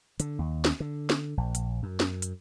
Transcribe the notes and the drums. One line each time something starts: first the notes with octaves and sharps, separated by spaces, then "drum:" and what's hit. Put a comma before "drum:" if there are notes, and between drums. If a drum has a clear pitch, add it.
D3, drum: hi-hat
D#2
drum: snare
D3
drum: snare
A#1
drum: hi-hat
F#2
drum: snare
drum: hi-hat